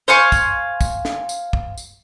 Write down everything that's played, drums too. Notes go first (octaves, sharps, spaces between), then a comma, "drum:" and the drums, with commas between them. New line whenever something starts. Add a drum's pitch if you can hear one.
C5 F5 G#5 C#6
drum: kick, tambourine
drum: kick, tambourine
drum: snare
drum: tambourine
drum: kick
drum: tambourine